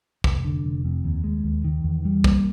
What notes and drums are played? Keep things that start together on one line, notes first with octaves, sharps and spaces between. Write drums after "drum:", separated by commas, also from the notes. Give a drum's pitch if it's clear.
F1, drum: kick
D3
F1
F2
D#2
G#3
D#2
D#3
E2
G3
A#3, drum: kick